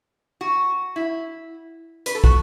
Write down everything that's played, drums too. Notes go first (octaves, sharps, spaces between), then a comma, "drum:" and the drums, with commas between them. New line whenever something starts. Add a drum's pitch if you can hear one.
F#4
E4
B4, drum: hi-hat
A4
F#4, drum: kick